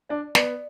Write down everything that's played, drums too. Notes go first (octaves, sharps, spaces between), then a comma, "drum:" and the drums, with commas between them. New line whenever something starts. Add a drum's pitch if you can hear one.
D4 D5
B3 D5, drum: snare